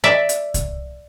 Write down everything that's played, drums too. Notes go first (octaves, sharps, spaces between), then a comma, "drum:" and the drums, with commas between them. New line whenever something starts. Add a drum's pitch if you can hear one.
D5 E5
drum: hi-hat
drum: kick C2, hi-hat